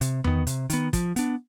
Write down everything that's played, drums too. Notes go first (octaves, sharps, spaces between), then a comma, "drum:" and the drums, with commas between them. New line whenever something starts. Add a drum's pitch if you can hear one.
C3, drum: hi-hat
D#3 B3, drum: tom E2
C3, drum: hi-hat
D#3 B3, drum: hi-hat
F3, drum: kick, hi-hat
B3 D4, drum: hi-hat